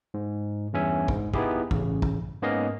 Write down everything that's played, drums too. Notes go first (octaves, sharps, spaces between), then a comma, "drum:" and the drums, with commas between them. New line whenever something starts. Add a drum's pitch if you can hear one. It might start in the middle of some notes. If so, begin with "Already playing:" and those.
G#2
E2 G2 C#4 E5 G#5
G#2, drum: kick
B3 D#4 E4 G4 G#4, drum: kick
A1 C#3, drum: kick
drum: kick
G#2 A#3 B3 C#4 D#5 F5